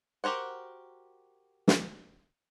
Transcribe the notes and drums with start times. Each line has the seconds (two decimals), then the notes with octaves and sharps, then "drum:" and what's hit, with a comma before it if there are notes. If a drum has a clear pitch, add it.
0.24 F#4 G4 A#4 C5 F#5
1.68 drum: snare